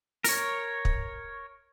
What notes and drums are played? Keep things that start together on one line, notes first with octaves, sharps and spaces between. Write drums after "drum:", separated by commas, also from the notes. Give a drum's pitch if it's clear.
A#4 C#5, drum: open hi-hat
drum: kick